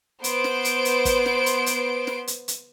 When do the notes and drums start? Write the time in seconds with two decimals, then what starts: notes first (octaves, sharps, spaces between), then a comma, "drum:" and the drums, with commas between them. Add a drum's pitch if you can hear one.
0.24 B3 C5 C6 D7, drum: hi-hat
0.44 drum: snare
0.65 drum: hi-hat
0.85 drum: hi-hat
1.05 drum: kick, hi-hat
1.26 drum: snare
1.46 drum: hi-hat
1.66 drum: hi-hat
2.07 drum: snare
2.27 drum: hi-hat
2.48 drum: hi-hat